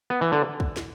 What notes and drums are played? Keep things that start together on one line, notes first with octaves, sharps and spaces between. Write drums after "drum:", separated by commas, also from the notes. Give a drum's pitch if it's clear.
B3
E3
D3
drum: kick
drum: snare